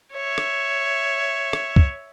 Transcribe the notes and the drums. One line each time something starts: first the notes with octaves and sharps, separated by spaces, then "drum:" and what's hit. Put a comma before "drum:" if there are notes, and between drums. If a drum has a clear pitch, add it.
C#5 E5
drum: rim click
drum: rim click
drum: kick